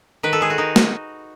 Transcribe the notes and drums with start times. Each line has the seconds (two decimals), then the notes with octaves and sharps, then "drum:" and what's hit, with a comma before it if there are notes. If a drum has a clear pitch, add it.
0.23 D#3 B4
0.33 A4
0.41 G#3 G#4
0.50 F#4
0.58 D#3 D#4
0.76 drum: snare